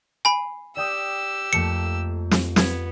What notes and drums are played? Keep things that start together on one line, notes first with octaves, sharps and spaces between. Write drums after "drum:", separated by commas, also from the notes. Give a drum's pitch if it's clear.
G#5 B5 C7 D#7
G4 D5 G5 D#6 E6
F2 A3 A#3 C#7
drum: snare
B3 G#6 B6, drum: snare